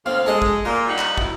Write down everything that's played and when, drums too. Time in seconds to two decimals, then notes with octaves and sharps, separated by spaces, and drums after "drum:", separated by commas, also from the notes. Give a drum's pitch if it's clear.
0.06 D2 C4 F5
0.26 G#3 A4 D#5
0.42 drum: kick
0.65 A#2 A#3 F4
0.88 G3 D#4 F#5
0.99 drum: clap
1.18 B2 E4, drum: kick